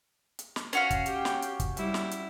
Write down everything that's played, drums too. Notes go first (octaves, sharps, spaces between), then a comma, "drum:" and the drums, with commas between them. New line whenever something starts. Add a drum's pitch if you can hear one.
drum: hi-hat
drum: snare
C#4 F#4 F5, drum: hi-hat
drum: kick, hi-hat
G4 G5, drum: hi-hat
drum: snare
drum: hi-hat
drum: kick, hi-hat
G3 E4, drum: hi-hat
drum: snare
drum: hi-hat